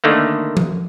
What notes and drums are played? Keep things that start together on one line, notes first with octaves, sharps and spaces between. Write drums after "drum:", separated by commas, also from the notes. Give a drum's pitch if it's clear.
D3 D#3 A3 A#3
drum: tom F3